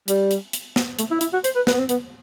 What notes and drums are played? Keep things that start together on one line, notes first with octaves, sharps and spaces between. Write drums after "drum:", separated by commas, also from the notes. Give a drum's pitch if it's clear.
G3, drum: hi-hat
drum: hi-hat
drum: hi-hat
drum: snare
A3, drum: hi-hat
E4
E4, drum: hi-hat
F#4
C5, drum: hi-hat
B4
B4, drum: snare
B3
C4
B3, drum: hi-hat